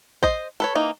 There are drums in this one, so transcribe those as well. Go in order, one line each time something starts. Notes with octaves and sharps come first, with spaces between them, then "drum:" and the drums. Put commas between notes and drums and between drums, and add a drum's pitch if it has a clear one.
C5 D#5, drum: kick A1
A4 B4 C#5
E3 A#3 D#4